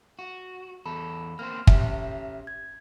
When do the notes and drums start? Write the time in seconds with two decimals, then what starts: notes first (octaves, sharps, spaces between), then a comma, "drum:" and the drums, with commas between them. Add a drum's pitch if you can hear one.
0.19 F#4
0.86 E2 A4 B5
1.39 A#3 C4 C5 F6
1.67 C#4 G4 E5, drum: kick
2.47 G#6